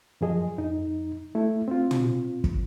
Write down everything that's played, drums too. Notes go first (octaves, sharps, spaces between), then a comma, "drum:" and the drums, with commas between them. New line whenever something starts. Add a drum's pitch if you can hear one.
F#2 F3 G#4 D#5
F2 D#4
A3 E4
C4 F4
drum: tom
drum: kick